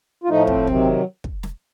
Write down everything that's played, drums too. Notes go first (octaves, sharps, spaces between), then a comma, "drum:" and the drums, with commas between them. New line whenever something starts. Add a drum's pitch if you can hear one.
F4
A2 F3 A3 D#4
C4, drum: kick
C3 D#3 F#3, drum: tom
drum: kick
drum: snare